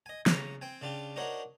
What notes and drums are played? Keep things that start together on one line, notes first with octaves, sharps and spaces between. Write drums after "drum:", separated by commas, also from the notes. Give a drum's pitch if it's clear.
D#5 G#5
C#3 C#4 A#5, drum: snare
C4 G5 G#5
C#3 D4 F4 G4
D4 D#4 F#4 A#4 C5 C#5